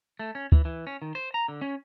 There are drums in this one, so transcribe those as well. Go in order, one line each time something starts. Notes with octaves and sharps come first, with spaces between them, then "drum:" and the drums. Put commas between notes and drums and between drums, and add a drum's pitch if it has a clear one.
A3
C#4
E3, drum: kick D2
E3
C#4
D#3
C5
A#5
D3
C#4